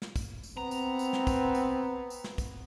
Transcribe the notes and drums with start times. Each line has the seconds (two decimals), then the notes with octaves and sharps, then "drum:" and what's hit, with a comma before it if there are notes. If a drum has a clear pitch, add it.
0.02 drum: snare
0.16 drum: kick, tambourine
0.43 drum: tambourine
0.57 B3 C4 A#5
0.71 drum: tambourine
0.99 drum: tambourine
1.13 drum: snare
1.27 drum: kick, tambourine
1.55 drum: tambourine
2.10 drum: tambourine
2.24 drum: snare
2.38 drum: kick, tambourine